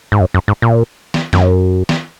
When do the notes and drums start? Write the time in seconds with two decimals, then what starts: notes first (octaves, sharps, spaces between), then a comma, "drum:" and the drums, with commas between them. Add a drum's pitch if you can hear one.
0.12 G#2
0.21 F#2
0.34 F#2
0.48 G#2
0.62 A#2
1.14 drum: snare
1.33 F#2, drum: snare
1.89 drum: snare